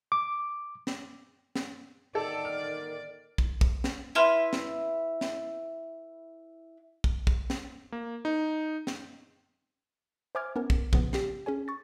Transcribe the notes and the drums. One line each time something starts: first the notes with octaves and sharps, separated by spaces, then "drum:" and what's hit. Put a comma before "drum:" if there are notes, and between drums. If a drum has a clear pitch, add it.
D6
drum: snare
drum: snare
D3 D#3 A4 D5
F6
drum: kick
drum: kick
drum: snare
E4 B4 C6 F6
drum: snare
drum: snare
drum: kick
drum: kick
drum: snare
A#3
D#4
drum: snare
C5 E5 G#5 D6 F6 G#6
B3 C#4 A#4
drum: kick
A#2 C#3 F3 B3, drum: kick
G4 C7, drum: snare
C#4 G#4 C#5 G#5
C#6 A6